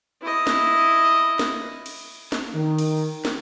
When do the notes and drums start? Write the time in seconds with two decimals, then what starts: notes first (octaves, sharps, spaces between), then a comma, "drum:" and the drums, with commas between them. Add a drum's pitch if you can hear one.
0.21 E4 D#5
0.47 drum: snare
1.39 drum: snare
1.86 drum: cymbal
2.32 drum: snare
2.55 D#3
2.78 drum: cymbal
3.25 drum: snare